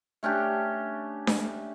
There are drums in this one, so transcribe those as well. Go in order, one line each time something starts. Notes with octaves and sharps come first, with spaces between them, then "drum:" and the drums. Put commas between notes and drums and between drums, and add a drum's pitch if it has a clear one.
A3 C#4 D4 G4
drum: snare D4